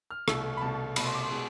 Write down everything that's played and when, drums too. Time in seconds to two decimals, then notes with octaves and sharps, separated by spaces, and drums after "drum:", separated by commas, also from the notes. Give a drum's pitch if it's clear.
0.11 F6
0.28 C2 B2 A3 E6, drum: rim click
0.57 B5
0.61 C2 B2 A3 A5
0.96 C2 B2 A3 B5, drum: cymbal
1.05 C6
1.14 D6
1.23 C6
1.32 B2 G#3